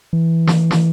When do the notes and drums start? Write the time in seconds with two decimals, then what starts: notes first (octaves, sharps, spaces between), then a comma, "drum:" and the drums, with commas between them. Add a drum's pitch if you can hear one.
0.13 E3
0.47 drum: snare
0.71 drum: snare